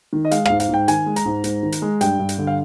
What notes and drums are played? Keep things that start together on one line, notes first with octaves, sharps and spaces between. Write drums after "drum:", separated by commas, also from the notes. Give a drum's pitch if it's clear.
D#3
D#5
G#3 F5, drum: hi-hat
G#2 F5, drum: rim click
F5, drum: hi-hat
G#2 G5
D#3 G#5, drum: hi-hat
G#3
A#5, drum: hi-hat
G#2
G#2, drum: hi-hat
D#3
drum: hi-hat
G#3
G2 G5, drum: hi-hat
G2
drum: hi-hat
D3
F5